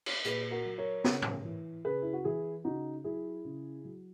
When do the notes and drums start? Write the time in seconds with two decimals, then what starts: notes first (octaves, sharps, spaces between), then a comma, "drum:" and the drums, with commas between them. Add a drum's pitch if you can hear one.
0.06 drum: cymbal
0.24 A#2 G#4 B4, drum: hi-hat
0.51 F#4 A#4
0.65 F#3
0.78 A#4 C#5
1.04 C#3, drum: snare
1.22 drum: tom G#2
1.45 E3
1.85 C#3 G#4 B4
2.02 E4
2.13 F#4
2.24 E3 E4 G#4
2.64 C#3 D#4 F#4
3.04 F#3 E4 G#4
3.45 C#3
3.85 F#3